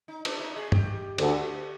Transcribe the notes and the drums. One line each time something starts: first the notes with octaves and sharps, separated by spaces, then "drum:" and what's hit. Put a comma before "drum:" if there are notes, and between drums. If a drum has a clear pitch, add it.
D#4
D4, drum: cymbal
D#4
G#4
G4, drum: tom
D2 D3, drum: cymbal